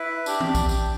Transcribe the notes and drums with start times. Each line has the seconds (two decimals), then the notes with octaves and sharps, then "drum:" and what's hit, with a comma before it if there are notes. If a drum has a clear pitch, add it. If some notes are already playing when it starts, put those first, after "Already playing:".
Already playing: E4 B4
0.26 D4 G4 D5, drum: tambourine
0.40 drum: tom D#3
0.55 drum: kick A#1, tambourine
0.69 drum: tambourine